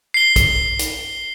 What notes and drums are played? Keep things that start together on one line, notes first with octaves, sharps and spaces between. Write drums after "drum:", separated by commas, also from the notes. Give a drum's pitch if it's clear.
C7 G7
drum: kick, hi-hat
drum: hi-hat